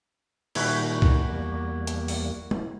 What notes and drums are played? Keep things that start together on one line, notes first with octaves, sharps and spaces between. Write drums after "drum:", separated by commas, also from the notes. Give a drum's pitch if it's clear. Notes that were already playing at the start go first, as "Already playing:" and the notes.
A#2 D#3 G3 E4 F#4 B5, drum: cymbal
drum: kick
E2 G3 A#3
drum: hi-hat
drum: open hi-hat
drum: tom G#3